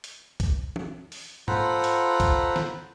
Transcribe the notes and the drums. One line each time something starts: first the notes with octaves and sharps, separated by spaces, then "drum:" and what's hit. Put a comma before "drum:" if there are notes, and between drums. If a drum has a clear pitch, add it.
drum: hi-hat
drum: kick C2, hi-hat
drum: tom E3
drum: open hi-hat
F4 A4 C5 F#5 A#5 B5, drum: tom G#2
drum: hi-hat
drum: kick C2, hi-hat
drum: snare